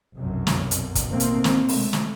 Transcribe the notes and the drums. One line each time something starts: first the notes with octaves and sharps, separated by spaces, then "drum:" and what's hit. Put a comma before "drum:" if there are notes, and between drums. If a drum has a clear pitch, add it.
F1 B1 F#2
drum: snare
drum: hi-hat
drum: kick, hi-hat
A1 B2 D#3 A3 A#3 C4
drum: hi-hat
drum: snare
C3 G#3 A3, drum: open hi-hat
drum: snare